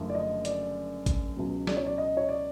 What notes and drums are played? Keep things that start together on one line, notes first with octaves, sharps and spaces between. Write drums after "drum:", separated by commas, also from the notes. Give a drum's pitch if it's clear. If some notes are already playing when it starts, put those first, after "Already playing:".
Already playing: F#1 F#2 D3 F3 A3
D5
D#5
D5, drum: hi-hat
drum: kick A1, hi-hat
C#2 B2 F#3
D5, drum: snare
C#5
D5
D#5
C#5
D5